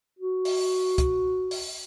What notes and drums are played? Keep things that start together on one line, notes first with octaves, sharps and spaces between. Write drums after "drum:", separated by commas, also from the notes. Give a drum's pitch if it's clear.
F#4
drum: open hi-hat
drum: kick C#2, hi-hat
drum: open hi-hat